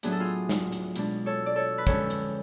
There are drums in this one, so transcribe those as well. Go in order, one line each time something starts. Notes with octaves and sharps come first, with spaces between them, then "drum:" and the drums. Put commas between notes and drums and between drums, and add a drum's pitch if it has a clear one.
A2 F#3 B3 D4 G#4, drum: hi-hat
A4
F4 G#4
drum: snare
drum: hi-hat
B2 G#3 D4, drum: hi-hat
A4 C#5
D5
A4 C#5
B4
F2 D3 G#3 C#4 A4 C#5, drum: kick, hi-hat
drum: hi-hat